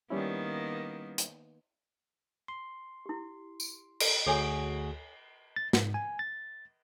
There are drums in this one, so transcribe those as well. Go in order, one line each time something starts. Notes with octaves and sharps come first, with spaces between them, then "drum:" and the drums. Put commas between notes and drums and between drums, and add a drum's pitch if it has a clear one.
D#3 G3 A#3 B3 C#4 E4
drum: hi-hat
C6
E4 G4
drum: tambourine
drum: cymbal
D2 F#4 G#4 A4 C#5 G#5
A6
G#2, drum: snare
G#5
A6